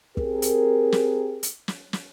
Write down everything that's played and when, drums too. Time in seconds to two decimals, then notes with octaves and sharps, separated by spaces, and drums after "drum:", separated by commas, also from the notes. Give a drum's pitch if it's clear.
0.17 C4 G4 G#4 A#4, drum: kick
0.42 drum: hi-hat
0.92 drum: snare
1.43 drum: hi-hat
1.68 drum: snare
1.93 drum: snare